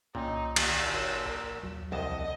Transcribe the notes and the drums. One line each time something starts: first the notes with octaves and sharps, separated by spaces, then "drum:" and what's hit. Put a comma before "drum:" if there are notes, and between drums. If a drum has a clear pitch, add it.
C2 A#2 C#4 D#4 G5
D#2 E6, drum: cymbal
G#1 F#4 A#4 C#5
B1 A#4
D#2 F#3
C2 F2 C5 D5 D#5 F#5 A5